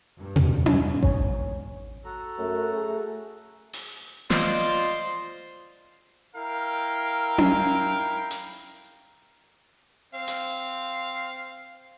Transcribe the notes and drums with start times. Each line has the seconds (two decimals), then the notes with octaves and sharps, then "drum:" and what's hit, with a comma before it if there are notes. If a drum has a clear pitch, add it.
0.16 G2
0.36 drum: tom
0.66 E2 G#2, drum: tom C#4
1.03 C#5 G#5, drum: kick A1
2.05 F#4 A4 A#5
2.38 F#2 A3
2.76 G#4
3.73 drum: open hi-hat
4.30 F4 C5 D5 D#5, drum: snare
6.35 E4 A#4 F5 G5
7.38 drum: tom C#4
8.31 drum: hi-hat
10.14 C4 F5
10.28 drum: hi-hat